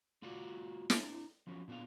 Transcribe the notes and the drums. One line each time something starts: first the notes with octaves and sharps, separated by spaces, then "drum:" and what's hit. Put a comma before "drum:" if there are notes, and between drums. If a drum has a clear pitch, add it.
A3 F4 F#4 D5 F5
D4 E4, drum: snare
F3 F#3 C#4
A#2 B3 D4 F5